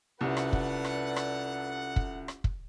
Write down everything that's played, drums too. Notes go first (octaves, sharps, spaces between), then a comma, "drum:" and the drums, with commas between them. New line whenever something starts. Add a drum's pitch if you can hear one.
C2 C#4 F4 A4 B4 D5 E5 F#5
drum: rim click
drum: kick
drum: rim click
drum: rim click
drum: kick
drum: rim click
drum: kick